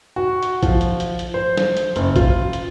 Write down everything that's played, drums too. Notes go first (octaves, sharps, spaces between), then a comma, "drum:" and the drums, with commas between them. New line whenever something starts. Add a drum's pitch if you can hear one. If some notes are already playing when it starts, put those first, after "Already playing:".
F#4
drum: hi-hat
F3, drum: kick A#1, hi-hat
drum: hi-hat
drum: hi-hat
drum: hi-hat
C5
drum: snare
drum: hi-hat
F#1, drum: hi-hat
F4, drum: kick A#1, hi-hat
drum: hi-hat